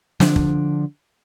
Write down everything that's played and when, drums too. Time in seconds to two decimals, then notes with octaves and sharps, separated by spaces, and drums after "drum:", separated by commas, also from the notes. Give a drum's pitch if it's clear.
0.20 D3 F3 D4, drum: snare
0.36 drum: kick